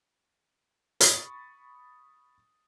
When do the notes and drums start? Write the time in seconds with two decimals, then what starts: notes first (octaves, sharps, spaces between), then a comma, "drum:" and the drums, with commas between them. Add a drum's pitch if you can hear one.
1.00 B5 C#6 D#6 A6, drum: hi-hat